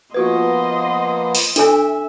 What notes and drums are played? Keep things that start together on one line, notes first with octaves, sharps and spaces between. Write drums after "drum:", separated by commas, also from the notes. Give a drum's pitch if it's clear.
F3 A#3 B3 F4 F#4 B4 D#5 C6
drum: open hi-hat
D4 A4 E5 G#5, drum: hi-hat